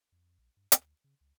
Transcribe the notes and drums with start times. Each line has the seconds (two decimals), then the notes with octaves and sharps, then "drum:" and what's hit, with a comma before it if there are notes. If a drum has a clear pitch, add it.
0.12 F2
0.39 A#1
0.57 G2
0.72 D2, drum: hi-hat
1.04 C#3
1.21 C#2